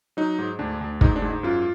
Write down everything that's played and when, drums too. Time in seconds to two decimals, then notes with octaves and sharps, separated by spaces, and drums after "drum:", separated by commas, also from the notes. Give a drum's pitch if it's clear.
0.17 F#3 D#4
0.38 G#2
0.59 D2 D4
0.81 D2
1.01 G#2 D#4, drum: kick
1.16 D4
1.22 G#2
1.30 D#4
1.43 F#2 F4